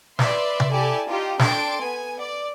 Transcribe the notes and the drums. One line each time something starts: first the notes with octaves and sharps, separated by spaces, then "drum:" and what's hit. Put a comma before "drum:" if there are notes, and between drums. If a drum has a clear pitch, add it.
B4 D5 E5 C6, drum: snare
drum: tom C3
E4 G4 A4 D5 G#5 A5
D#4 F4 G4
D4 A4 G5 C6 A6 D7, drum: snare
B3 G#5
D5